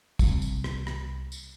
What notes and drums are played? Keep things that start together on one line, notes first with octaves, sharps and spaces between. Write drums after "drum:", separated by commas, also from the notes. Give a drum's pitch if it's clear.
C2, drum: kick, tambourine
drum: tambourine
drum: rim click
drum: rim click
drum: tambourine